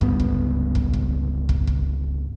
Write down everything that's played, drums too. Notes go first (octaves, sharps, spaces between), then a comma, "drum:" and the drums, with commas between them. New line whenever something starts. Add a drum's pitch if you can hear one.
C#2 G2 D3 B3, drum: kick
drum: kick
drum: kick
drum: kick
drum: kick
drum: kick